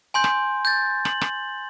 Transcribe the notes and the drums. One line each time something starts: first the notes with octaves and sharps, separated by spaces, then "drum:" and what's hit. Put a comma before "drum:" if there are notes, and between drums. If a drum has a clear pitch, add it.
G#5 C6 G6
drum: rim click
G6 A6
F#7, drum: rim click
drum: rim click